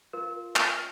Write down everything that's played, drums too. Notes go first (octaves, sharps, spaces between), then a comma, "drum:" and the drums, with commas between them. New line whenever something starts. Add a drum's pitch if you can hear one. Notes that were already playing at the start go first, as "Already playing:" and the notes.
F4 A#4
F6, drum: clap